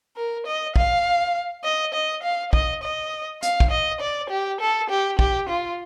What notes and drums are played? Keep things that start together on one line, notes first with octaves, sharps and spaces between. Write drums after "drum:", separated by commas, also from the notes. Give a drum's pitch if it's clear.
A#4
D#5
F5, drum: kick
D#5
D#5
F5
D#5, drum: kick
D#5
F5, drum: hi-hat
drum: kick
D#5
D5
G4
A4
G4
G4, drum: kick
F4